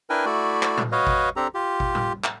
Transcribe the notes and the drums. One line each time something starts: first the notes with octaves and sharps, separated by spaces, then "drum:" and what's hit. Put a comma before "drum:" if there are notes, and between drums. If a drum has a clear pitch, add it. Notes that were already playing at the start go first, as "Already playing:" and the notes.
D4 E4 A#4 B4 G5 G#5
A3 E4 F#4 D5
drum: clap
drum: tom A2
F#4 B4 C#5 D#5 F5
drum: kick G#1
C4 D4 G4 A4 A#5
F4 G4
drum: kick G#1
drum: tom A2
drum: clap